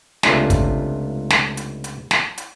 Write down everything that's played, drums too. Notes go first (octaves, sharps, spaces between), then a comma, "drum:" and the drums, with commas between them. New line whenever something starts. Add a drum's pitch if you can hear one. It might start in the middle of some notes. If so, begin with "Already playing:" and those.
C#2 C3 A3 D4 F4 G#5, drum: snare
drum: kick, hi-hat
drum: snare
drum: hi-hat
drum: hi-hat
drum: snare
drum: hi-hat